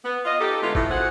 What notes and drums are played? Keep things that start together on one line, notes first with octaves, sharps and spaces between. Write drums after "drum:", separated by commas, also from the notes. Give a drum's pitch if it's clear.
B3
F4 D#5
D#4 G4 A4
D3 G#3 A3 B3 D#4 F4
A2 A3, drum: kick
F#4 G#4 C5 F#5